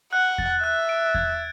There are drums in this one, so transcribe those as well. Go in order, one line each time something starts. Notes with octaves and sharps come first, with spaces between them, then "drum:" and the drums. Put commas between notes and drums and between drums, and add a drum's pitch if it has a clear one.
F#5 F#6
A6, drum: kick E2
E5 F#6
D7
G#6, drum: kick E2